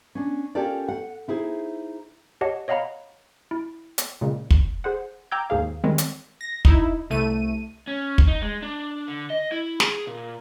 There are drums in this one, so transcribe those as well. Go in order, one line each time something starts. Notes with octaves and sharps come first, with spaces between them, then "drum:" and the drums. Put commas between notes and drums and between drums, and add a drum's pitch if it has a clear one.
C#4 D4
C#4 F4 G4 A4 A#4 D5
F#5
D#4 E4 G#4 C5
G4 C#5 D#5 F#5 A5
C#5 D#5 F5 F#5 A#5 B5
E4
drum: hi-hat
A#2 C#3 G#3
drum: kick
G#4 C5 F#5
G5 A#5 D6 E6 G6 G#6
D#2 G#2 G#4 F5
D#3 G3 G#3 C4
drum: hi-hat
A#6
D#4 E4, drum: kick
C2 A3 D#7
C#4
drum: kick
D#4
G#3
D4
D3
D#5
E4
G#4, drum: snare
A#2